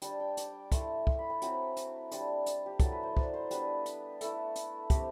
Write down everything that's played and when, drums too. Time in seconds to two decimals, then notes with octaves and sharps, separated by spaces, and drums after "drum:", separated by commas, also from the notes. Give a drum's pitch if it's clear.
0.02 G3 D4 G5, drum: hi-hat
0.20 G5
0.37 D6, drum: hi-hat
0.72 A3 E4 C6, drum: kick, hi-hat
1.07 C6, drum: kick
1.19 B5
1.30 G5
1.42 F#3 C4 E4 B5, drum: hi-hat
1.77 drum: hi-hat
2.12 G3 D4 C6, drum: hi-hat
2.46 drum: hi-hat
2.66 G4
2.80 F#3 B3 E4 A4, drum: kick, hi-hat
2.92 B4
3.03 C5
3.17 D5, drum: kick
3.34 C5
3.51 G3 B3 D4 B4, drum: hi-hat
3.86 drum: hi-hat
4.21 A3 E4 A4, drum: hi-hat
4.56 drum: hi-hat
4.90 A3 C4 E4 G4, drum: kick, hi-hat